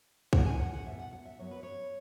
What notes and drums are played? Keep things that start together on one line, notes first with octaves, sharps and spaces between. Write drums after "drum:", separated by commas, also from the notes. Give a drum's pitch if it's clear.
F#2 E3 G#3 F#5, drum: kick
G#5
F#5
F#5
B2 B3 E5
F#5
F#5
E5
F#2 F#3 B3 C#5
B4
C#5